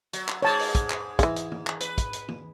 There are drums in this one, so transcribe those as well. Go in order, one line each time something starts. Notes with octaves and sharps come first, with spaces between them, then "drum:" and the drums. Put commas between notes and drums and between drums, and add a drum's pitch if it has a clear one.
F#3, drum: hi-hat
drum: clap
G#2 G#3 C#5 A5
drum: open hi-hat
drum: kick, hi-hat
drum: clap
C#3 E3, drum: kick, hi-hat
drum: hi-hat
drum: tom
drum: clap
B4, drum: hi-hat
drum: kick, hi-hat
drum: hi-hat
drum: tom